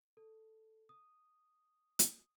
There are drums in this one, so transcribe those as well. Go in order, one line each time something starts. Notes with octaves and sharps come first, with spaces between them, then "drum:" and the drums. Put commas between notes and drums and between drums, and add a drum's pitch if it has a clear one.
A4
D#6
drum: hi-hat